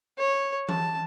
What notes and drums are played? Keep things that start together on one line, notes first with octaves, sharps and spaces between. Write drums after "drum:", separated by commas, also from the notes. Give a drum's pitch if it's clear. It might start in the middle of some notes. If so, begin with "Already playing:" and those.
C#5
A5, drum: tom E3